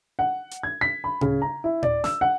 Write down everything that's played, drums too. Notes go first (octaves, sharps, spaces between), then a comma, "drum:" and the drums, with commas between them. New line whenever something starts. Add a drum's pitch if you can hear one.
F#5
drum: hi-hat
G#6
B6
B5
C#3, drum: tom A2
A#5
E4
D5, drum: tom A2
E6, drum: snare
F#5